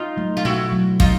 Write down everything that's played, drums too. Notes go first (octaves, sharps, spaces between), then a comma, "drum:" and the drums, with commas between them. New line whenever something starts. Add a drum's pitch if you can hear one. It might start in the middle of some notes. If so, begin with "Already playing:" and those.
Already playing: D#4 F4
F#3 A3
F4
B2 E4 F#4
F#3 A3
B2 D#4 F4, drum: kick